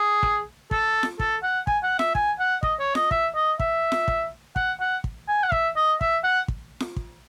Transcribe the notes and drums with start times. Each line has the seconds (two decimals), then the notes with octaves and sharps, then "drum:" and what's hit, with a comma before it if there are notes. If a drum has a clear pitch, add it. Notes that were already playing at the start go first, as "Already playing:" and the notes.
Already playing: G#4
0.23 drum: kick
0.71 A4, drum: kick
1.03 drum: snare F4
1.20 A4, drum: kick
1.43 F#5
1.67 G#5, drum: kick
1.83 F#5
1.99 E5, drum: snare F4
2.15 G#5, drum: kick
2.39 F#5
2.63 D#5, drum: kick
2.79 C#5
2.95 D#5, drum: snare F4
3.11 E5, drum: kick
3.35 D#5
3.60 E5, drum: kick
3.92 drum: snare F4
4.08 drum: kick
4.56 F#5, drum: kick
4.80 F#5
5.04 drum: kick
5.28 G#5
5.43 F#5
5.52 E5, drum: kick
5.76 D#5
6.01 E5, drum: kick
6.24 F#5
6.48 drum: kick
6.80 drum: snare F4
6.96 drum: kick